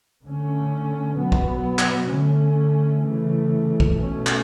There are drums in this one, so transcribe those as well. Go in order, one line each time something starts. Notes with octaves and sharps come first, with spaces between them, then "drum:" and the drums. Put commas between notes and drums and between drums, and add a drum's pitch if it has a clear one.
D3 A3 C#4
B2 F#3 B3
drum: kick
drum: clap
D3 A3 C#4
C#3 E3 A3
drum: kick
B2 A3 C#4
drum: clap